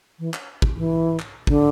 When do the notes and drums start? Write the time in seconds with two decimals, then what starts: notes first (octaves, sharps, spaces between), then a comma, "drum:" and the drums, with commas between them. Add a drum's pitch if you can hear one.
0.19 E3
0.34 drum: clap
0.62 drum: kick
0.77 E3
1.19 drum: clap
1.47 D3, drum: kick